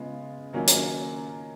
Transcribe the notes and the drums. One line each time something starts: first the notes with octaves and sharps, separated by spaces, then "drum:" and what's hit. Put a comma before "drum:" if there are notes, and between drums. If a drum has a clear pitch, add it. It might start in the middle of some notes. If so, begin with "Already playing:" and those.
Already playing: C#3 G#3 B3 F4
D#3 F#3 A#3 C#4 F4
drum: hi-hat